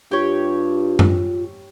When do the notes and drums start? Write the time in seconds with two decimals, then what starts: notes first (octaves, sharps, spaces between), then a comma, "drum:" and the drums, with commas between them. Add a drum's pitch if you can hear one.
0.11 G2 F4 G4 C#5
0.99 drum: tom F#2